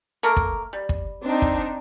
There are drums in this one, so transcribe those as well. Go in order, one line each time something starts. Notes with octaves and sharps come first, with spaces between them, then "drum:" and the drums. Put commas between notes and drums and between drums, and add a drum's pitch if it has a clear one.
A3 A#3 A#4
drum: kick
G3
drum: kick
C4 D4 D#4
drum: kick